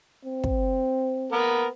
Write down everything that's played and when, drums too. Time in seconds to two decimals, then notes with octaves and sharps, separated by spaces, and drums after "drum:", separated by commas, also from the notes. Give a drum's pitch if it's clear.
0.25 C4
0.44 drum: kick
1.32 A#3 B3 A#4